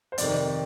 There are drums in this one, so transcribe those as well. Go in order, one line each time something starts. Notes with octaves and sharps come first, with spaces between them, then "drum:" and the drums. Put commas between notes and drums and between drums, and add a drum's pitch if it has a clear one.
C5
F2 C3 D#3 D5, drum: hi-hat